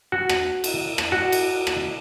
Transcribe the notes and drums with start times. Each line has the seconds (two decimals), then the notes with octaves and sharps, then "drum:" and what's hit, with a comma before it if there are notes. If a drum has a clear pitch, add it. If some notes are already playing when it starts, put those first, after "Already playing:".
0.12 F#4
0.29 drum: rim click
0.64 drum: cymbal
0.98 drum: rim click
1.12 F#4
1.32 drum: cymbal
1.67 drum: rim click